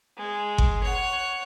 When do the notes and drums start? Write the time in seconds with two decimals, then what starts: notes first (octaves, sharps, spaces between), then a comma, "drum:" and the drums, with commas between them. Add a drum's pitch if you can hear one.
0.17 G#3
0.58 drum: kick G1
0.83 C#5 F#5